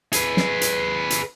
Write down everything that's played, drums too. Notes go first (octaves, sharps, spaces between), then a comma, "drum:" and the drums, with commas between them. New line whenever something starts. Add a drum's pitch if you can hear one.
G#4 B4, drum: hi-hat
drum: snare
drum: hi-hat
drum: hi-hat